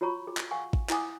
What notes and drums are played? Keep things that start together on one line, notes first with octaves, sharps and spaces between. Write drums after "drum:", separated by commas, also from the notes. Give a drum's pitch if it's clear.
F4 F#4 C#5 A#5 B5 C#6
G#4
drum: clap
F5 F#5 G#5 C#6
drum: kick
E4 F#5 G#5 D6 D#6, drum: clap